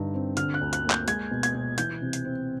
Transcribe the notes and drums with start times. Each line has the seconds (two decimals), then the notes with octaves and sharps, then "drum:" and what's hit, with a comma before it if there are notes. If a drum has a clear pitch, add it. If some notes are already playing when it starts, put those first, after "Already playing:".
Already playing: G2 D3 D#4
0.14 C4
0.37 D3 F6, drum: hi-hat
0.54 F#6
0.61 D2
0.73 F#6, drum: hi-hat
0.84 A#3
0.90 G6, drum: clap
1.08 G#3 G#6, drum: hi-hat
1.31 B2
1.43 G#6, drum: hi-hat
1.55 B2
1.78 E3 G6, drum: hi-hat
2.02 C3
2.13 drum: hi-hat
2.25 C4